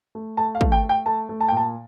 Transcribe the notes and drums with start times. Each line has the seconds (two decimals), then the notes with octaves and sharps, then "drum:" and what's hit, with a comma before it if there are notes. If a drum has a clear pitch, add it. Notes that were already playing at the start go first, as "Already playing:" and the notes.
0.15 A3
0.37 A3 A5
0.55 F5
0.61 A3, drum: kick
0.72 G5
0.83 A3
0.89 G5
1.06 A3 A5
1.29 A3
1.41 A5
1.48 G5
1.52 A#2 A5